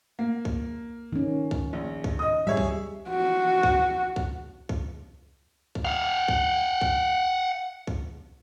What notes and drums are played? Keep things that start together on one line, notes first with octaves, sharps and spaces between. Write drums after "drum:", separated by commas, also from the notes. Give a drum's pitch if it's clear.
A#3
drum: kick C2
D#3 C#4
drum: kick C2
A#1
drum: kick C2
D#5 D#6
G3 G#4 C#5 E5
drum: kick C2
F#4
drum: kick C2
drum: kick C2
drum: kick C2
drum: kick C2
F5 F#5
drum: kick C2
drum: kick C2
drum: kick C2